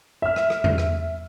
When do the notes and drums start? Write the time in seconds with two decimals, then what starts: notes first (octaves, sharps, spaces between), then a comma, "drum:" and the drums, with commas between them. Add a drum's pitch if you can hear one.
0.22 E5 F6
0.36 drum: rim click
0.50 drum: rim click
0.64 drum: tom E2
0.78 drum: rim click